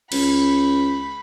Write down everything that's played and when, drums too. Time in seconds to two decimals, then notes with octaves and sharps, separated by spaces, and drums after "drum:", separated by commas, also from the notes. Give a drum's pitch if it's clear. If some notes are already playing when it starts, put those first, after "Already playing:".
0.12 C#2 B5, drum: cymbal